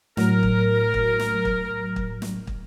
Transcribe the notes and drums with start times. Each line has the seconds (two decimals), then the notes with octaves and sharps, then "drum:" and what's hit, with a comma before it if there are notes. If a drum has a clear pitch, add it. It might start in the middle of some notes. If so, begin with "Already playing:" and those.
0.17 A2 F#3 A#4, drum: snare
0.43 drum: kick
0.94 drum: kick
1.20 drum: snare
1.45 drum: kick
1.96 drum: kick
2.22 drum: snare
2.47 drum: kick